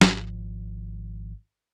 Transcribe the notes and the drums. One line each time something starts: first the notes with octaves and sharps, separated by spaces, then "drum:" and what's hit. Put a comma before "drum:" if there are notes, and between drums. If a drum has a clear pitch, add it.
G#1 F3, drum: snare